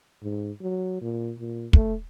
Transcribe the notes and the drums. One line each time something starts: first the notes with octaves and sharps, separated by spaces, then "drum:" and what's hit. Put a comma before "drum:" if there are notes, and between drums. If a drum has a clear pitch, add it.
G#2
F#3
A#2
A#2
A3, drum: kick